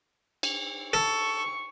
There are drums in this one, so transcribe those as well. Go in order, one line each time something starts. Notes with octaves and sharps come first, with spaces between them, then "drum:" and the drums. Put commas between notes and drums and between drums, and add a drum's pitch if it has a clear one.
drum: cymbal
A4 C#6